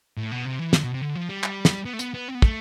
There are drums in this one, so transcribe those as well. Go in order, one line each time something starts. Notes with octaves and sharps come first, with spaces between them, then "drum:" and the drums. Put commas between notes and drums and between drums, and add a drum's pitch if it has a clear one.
A2
B2
C3
E3
D3, drum: snare
B2
C3
D3
F3
G3
drum: clap
drum: snare
B3
A3
B3, drum: hi-hat
B3
C4
B3
A3, drum: kick